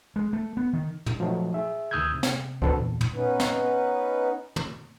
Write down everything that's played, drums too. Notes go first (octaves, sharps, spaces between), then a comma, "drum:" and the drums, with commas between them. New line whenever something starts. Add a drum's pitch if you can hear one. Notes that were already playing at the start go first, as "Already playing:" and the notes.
G#3
A3
B3
D#3
drum: tom
F3 F#3 A3 D#4
G#4 E5
D2 D#3 D#6 E6 G6 G#6
C3
drum: snare
C4 D4 F#4 A4 B4, drum: kick C#2
E2 A#2 D3
drum: tom
B3 C#4 D#4 B4
drum: snare
drum: tom